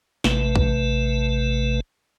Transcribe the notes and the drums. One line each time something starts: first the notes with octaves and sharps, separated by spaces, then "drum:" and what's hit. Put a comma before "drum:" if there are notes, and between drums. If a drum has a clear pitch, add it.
A1 C3 A3 B4, drum: snare
drum: kick